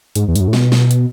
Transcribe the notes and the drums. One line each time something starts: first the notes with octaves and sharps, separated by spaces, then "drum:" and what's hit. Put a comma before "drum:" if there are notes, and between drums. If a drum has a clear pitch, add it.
G#2, drum: hi-hat
E2
G#2, drum: hi-hat
F#2
A2
B2, drum: snare
drum: snare
drum: hi-hat